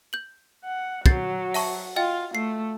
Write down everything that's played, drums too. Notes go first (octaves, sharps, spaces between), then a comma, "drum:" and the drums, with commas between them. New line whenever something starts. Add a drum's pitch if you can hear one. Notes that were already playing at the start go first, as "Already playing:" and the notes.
G6 F#7
F#5
F#3 G6 A6 C7, drum: kick
E5 A5 C#6, drum: open hi-hat
F4 D#5 G5 A6
A3 C7